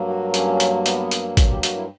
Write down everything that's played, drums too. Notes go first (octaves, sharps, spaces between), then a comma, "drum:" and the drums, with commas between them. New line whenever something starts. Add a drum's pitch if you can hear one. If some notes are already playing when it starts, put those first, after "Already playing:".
Already playing: G2 F#3 A#3
F#4
C#4, drum: hi-hat
drum: hi-hat
B3, drum: hi-hat
drum: hi-hat
C#4, drum: kick, hi-hat
G4
F#4, drum: hi-hat
E4